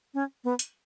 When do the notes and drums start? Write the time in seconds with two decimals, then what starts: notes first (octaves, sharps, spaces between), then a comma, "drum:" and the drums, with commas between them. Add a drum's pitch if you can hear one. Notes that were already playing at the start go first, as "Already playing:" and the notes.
0.14 C#4
0.44 B3
0.59 drum: hi-hat